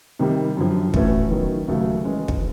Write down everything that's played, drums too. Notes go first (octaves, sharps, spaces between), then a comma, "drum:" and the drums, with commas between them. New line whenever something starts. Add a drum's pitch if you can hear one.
C3 D#3 G3
F#2 D3 F3
A2 E3 A3 C#4 F#4, drum: kick
D#3 F#3 B3
D#2 C#3 F#3 A3
E3 G#3 C#4
drum: kick